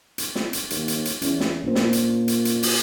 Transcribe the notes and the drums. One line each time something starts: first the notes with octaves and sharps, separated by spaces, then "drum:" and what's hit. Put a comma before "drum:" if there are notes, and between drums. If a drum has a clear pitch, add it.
drum: hi-hat
drum: snare
drum: hi-hat
D#2, drum: hi-hat
drum: hi-hat
drum: hi-hat
E2 C#4, drum: hi-hat
drum: snare
A#2 A#3 D4 C5
drum: snare
drum: hi-hat
drum: hi-hat
drum: hi-hat
drum: open hi-hat